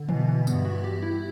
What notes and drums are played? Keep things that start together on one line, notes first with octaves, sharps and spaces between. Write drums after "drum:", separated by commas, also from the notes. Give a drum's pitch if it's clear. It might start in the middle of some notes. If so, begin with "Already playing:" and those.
Already playing: D3
B2 E3, drum: tom E3
E3
G2 B3, drum: tambourine
F#4
G4
E4